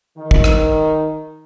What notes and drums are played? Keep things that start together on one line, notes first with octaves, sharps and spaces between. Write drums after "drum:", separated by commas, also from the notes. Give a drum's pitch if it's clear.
D#3
drum: kick
drum: rim click